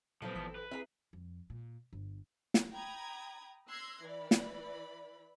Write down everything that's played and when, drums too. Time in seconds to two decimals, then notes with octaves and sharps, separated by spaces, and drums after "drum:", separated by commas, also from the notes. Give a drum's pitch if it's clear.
0.22 A#2 F3 F#3 B3 C4 E4 A4
0.35 G#1 E3 B6
0.55 B4
0.71 C4 E4 G#4 A#4 E5 A#5
1.13 F2
1.50 A#2
1.93 G1
2.54 drum: snare
2.72 G5 A#5 B5 D#6 G#6
3.68 C6 E6 F#6 G#6 A#6
4.04 E3 D5 B5
4.31 drum: snare